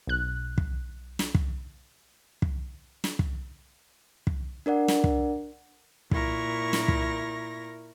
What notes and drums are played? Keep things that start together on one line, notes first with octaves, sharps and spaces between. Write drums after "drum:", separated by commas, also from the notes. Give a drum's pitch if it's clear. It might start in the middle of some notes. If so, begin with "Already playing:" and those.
B1 F#6
drum: kick
drum: snare
drum: kick
drum: kick
drum: snare
drum: kick
drum: kick
D4 A#4 D5 F#5
drum: snare
drum: kick
A#2 E4 A#4 C#6 A#6, drum: kick
drum: snare
drum: kick